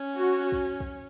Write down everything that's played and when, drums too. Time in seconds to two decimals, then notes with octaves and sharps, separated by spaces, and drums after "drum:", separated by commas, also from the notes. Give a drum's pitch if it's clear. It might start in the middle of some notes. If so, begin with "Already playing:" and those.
Already playing: C#4
0.16 F#4, drum: open hi-hat
0.52 drum: kick
0.80 drum: kick